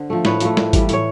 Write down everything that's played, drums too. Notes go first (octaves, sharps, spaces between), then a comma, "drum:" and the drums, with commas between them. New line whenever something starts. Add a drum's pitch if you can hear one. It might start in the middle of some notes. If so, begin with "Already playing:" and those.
Already playing: D3 C5
F3 A3
A2 B4 C#5, drum: snare
F3 A3, drum: hi-hat
A2, drum: snare
E3 G3, drum: kick G#1, hi-hat
A2 C#5, drum: hi-hat